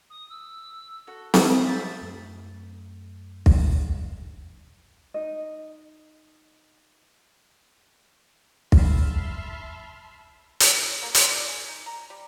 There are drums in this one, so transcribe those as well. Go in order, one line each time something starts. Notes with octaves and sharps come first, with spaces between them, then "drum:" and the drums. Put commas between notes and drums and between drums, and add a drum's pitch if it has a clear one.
D#6
E6
F#4 A4
E5 F5 A5 D#6, drum: snare C4
C5 E5 A6
F#2 A3
drum: kick
D#4 D#5
E5 A5 B5 C6 F6, drum: kick
drum: hi-hat
A#3
C6, drum: hi-hat
D5
G#5
D#4
A#5
G3